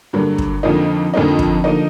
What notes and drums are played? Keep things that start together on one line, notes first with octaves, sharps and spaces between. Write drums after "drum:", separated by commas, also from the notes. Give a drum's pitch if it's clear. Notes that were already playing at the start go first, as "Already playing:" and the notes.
G2 D3 F#3 A#3
drum: kick
F2 D3 F3 A#3 D#4
F2 D3 F3 A#3 D#4
drum: kick
D3 F3 A#3 D#4